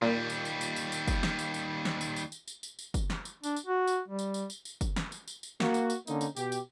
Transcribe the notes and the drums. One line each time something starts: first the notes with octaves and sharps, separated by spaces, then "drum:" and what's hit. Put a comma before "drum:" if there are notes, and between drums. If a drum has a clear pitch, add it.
D#2 A#2 G3
drum: tambourine
drum: tambourine
drum: tambourine
drum: tambourine
drum: tambourine
drum: kick, tambourine
drum: snare
drum: tambourine
drum: tambourine
drum: snare
drum: tambourine
drum: tambourine
drum: tambourine
drum: tambourine
drum: tambourine
drum: tambourine
drum: kick, tambourine
drum: snare
drum: tambourine
D4, drum: tambourine
drum: tambourine
F#4
drum: tambourine
G3
drum: tambourine
drum: tambourine
drum: tambourine
drum: tambourine
drum: kick, tambourine
drum: snare
drum: tambourine
drum: tambourine
drum: tambourine
A#3 F#4, drum: snare
drum: tambourine
drum: tambourine
D3 A#3 C#4 D#4, drum: tambourine
drum: tambourine
B2 G4, drum: tambourine
drum: tambourine